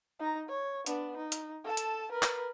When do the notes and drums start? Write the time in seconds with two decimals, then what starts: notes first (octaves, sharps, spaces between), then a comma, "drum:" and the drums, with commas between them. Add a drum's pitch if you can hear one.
0.20 D#4 A#5
0.49 C#5
0.86 B3 D4, drum: hi-hat
1.17 D#4
1.32 drum: hi-hat
1.64 A4 A5
1.77 drum: hi-hat
2.12 A#4 B4
2.23 drum: clap